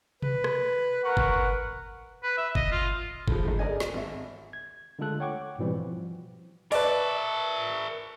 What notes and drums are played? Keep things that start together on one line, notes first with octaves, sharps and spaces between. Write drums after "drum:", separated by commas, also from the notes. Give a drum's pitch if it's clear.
B4, drum: tom B2
drum: rim click
A#4 B4 F#5 C#6
drum: kick F#1
B4
E5
D#5, drum: kick F#1
F4
A2 F3, drum: kick F#1
G#2 D3
G#4 A#4 D5 D#5 G#5
drum: snare
G#1 E5
G#6
D3 G#3 A3 F4 A4 F#6
C#5 F#5 G5 C#6 D6
G#2 B2 E3 G3 C4
F3
A#4 B4 D5 E5 A5 C#6, drum: open hi-hat